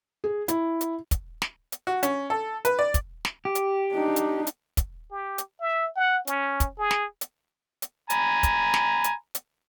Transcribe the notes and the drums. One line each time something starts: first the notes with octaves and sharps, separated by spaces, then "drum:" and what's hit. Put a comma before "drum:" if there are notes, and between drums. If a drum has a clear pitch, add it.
G#4
E4, drum: hi-hat
drum: hi-hat
drum: kick, hi-hat
drum: snare
drum: hi-hat
F#4
C#4, drum: hi-hat
A4
B4, drum: hi-hat
D5
drum: kick, hi-hat
drum: snare
G4
drum: hi-hat
D4 D#4
drum: hi-hat
drum: hi-hat
drum: kick, hi-hat
G4
drum: hi-hat
E5
F#5
C#4, drum: hi-hat
drum: kick, hi-hat
G#4
drum: snare
drum: hi-hat
drum: hi-hat
G#5 A#5 B5, drum: hi-hat
drum: kick, hi-hat
drum: snare
drum: hi-hat
drum: hi-hat